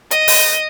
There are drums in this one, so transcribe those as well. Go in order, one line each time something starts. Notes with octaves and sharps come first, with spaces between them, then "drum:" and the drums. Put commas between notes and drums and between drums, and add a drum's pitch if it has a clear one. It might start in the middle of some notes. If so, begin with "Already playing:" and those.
D#5, drum: hi-hat
drum: open hi-hat